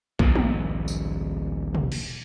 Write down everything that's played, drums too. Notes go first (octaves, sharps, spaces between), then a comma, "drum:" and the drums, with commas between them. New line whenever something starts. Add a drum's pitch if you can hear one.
D#1 A#1 G#2 B2, drum: kick A#1
drum: tom
drum: tambourine
drum: tom
drum: cymbal